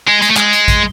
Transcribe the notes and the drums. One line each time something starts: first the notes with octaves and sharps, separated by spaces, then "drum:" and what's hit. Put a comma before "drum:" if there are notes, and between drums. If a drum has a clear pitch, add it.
G#3
G#3, drum: hi-hat
A3
G#3, drum: clap
drum: hi-hat
drum: kick A1, hi-hat